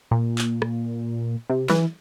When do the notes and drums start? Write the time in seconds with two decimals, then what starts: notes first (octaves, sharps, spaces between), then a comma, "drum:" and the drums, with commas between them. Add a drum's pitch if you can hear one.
0.11 A#2
0.38 drum: clap
0.62 drum: rim click
1.50 C3
1.70 E3, drum: snare